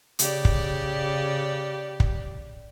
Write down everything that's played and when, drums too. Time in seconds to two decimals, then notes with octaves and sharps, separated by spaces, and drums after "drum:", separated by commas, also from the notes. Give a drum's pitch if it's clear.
0.19 C#3 G4 D5, drum: hi-hat
0.45 drum: kick
2.00 drum: kick